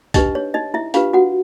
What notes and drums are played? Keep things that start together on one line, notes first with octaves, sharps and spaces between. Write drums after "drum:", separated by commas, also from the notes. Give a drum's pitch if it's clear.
D4 D#4 G4 B4 D#5, drum: kick C2, hi-hat
C#5
D#4 D#5
E4 E5
D4 F4 G4 B4 F5, drum: hi-hat
F#4 F#5